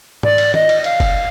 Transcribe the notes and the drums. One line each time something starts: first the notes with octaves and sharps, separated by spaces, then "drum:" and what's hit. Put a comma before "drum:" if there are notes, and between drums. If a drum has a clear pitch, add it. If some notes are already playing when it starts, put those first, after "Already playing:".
D5, drum: tom G#2
drum: cymbal
D#5, drum: tom
drum: cymbal
F5, drum: cymbal
drum: kick F#1, cymbal